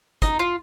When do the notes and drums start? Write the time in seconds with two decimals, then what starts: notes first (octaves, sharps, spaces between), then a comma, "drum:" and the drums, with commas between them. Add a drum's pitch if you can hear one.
0.22 D#4, drum: kick, hi-hat
0.39 F4